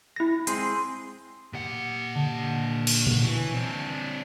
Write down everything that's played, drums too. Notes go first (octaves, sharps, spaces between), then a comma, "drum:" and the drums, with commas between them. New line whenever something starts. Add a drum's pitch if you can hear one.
E4 A#6
G#3 C4 G#4 C6, drum: hi-hat
A#2 G4 F#5
D3 C7
drum: cymbal
drum: tom A#2
E3 C#5 G#5 E6
C4 D4